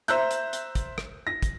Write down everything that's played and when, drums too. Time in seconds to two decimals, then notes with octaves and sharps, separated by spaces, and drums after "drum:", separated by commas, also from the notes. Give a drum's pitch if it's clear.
0.08 C5 E5 A#5 E6 F#6 G6, drum: hi-hat
0.31 drum: hi-hat
0.53 drum: hi-hat
0.75 drum: kick, hi-hat
0.98 drum: rim click
1.27 A#6
1.43 drum: kick, hi-hat